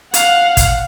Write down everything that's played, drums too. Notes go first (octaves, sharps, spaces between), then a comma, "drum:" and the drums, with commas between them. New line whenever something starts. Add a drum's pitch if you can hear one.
F5 F#5, drum: hi-hat
drum: kick, hi-hat